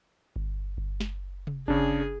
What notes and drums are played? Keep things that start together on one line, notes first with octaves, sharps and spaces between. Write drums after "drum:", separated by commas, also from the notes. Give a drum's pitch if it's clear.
drum: kick G1
drum: kick G1
drum: snare
drum: tom C3
C#3 D4 G#4, drum: kick G1